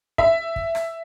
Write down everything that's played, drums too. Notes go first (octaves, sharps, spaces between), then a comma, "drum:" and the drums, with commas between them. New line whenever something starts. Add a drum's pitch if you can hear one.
E5, drum: kick
drum: kick
drum: rim click